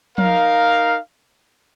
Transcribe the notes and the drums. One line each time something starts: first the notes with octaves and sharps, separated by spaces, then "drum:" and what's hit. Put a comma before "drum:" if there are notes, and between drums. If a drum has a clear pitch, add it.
D#4 A#4 F5, drum: tom F3